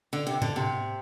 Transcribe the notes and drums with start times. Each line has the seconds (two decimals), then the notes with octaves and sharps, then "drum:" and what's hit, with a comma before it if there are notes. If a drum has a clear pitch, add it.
0.13 D3
0.27 C3
0.42 D3, drum: tom G#2
0.56 C3